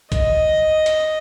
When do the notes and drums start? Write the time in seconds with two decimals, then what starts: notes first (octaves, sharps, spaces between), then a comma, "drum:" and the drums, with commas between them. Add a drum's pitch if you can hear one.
0.12 D#5, drum: kick, hi-hat
0.86 drum: hi-hat